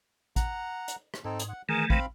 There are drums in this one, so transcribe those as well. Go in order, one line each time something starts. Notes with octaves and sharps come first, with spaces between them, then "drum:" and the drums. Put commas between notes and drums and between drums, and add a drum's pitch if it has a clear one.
F#5 A#5, drum: kick A1, hi-hat
drum: hi-hat
drum: rim click
G#2 C4 D#4 A4
drum: hi-hat
F#5
D#3 E3 A3 G#4 A#4
C4 F5 B5, drum: kick A1